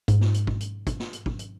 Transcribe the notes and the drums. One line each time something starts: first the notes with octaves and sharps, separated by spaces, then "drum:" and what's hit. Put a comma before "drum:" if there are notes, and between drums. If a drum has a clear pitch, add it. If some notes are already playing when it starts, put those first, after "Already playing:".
G#2, drum: kick, hi-hat
drum: snare
drum: hi-hat
drum: kick
drum: hi-hat
drum: kick, hi-hat
drum: snare
drum: hi-hat
drum: kick
drum: hi-hat